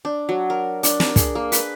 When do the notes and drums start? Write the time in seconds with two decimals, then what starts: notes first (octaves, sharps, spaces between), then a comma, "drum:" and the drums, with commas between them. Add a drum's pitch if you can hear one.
0.05 D4
0.29 F#3
0.50 A#4
0.83 D4, drum: hi-hat
1.00 A#4, drum: snare
1.16 G#4, drum: kick, hi-hat
1.35 A#3
1.52 B4, drum: hi-hat